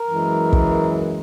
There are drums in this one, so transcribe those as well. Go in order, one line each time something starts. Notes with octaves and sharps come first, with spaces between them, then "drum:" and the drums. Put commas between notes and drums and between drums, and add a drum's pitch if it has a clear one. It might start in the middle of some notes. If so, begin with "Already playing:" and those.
Already playing: A#4
F#2 E3 G#3
drum: kick